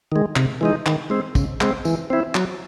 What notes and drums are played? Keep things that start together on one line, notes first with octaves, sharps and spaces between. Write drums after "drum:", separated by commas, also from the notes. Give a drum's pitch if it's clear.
D#3 G#3
C3, drum: clap
E3 G#3 D#4
D#3, drum: clap
G#3 C4
C#3, drum: kick, tambourine
G#3 C4, drum: clap
E3, drum: tambourine
C4 E4
F#3, drum: clap